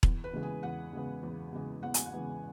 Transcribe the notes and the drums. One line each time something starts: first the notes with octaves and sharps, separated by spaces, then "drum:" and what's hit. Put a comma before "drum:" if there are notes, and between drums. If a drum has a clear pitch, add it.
E2, drum: kick E1
B4
C#3 E3 G#3 B3
G#4
E2 F#5
C#3 E3 G#3 B3
E2
C#3 E3 G#3 B3
E2 F#5
G#5, drum: hi-hat
F#5
C#3 E3 G#3 B3